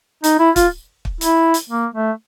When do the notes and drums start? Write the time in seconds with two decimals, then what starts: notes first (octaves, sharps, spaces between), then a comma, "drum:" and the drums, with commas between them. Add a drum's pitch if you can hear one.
0.24 D#4, drum: hi-hat
0.39 E4
0.56 F4, drum: kick, hi-hat
1.05 drum: kick
1.21 E4, drum: hi-hat
1.54 drum: hi-hat
1.70 A#3
1.95 A3